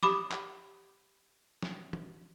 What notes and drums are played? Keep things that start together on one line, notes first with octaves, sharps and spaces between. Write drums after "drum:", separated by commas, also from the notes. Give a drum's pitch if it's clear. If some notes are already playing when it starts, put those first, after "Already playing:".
G4 B5 D6, drum: snare
drum: clap
drum: snare
drum: tom